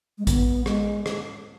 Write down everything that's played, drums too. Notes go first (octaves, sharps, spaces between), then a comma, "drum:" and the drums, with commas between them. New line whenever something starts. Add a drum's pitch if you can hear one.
G#3
B3, drum: kick A1, hi-hat
G#3, drum: rim click
drum: rim click